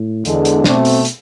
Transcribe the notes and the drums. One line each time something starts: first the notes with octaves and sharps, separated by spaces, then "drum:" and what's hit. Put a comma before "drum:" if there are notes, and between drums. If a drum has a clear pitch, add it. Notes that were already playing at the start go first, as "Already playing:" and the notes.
Already playing: A2
E2 D3 G#3, drum: hi-hat
drum: hi-hat
B2 A3 C4 D4, drum: snare
drum: open hi-hat
drum: hi-hat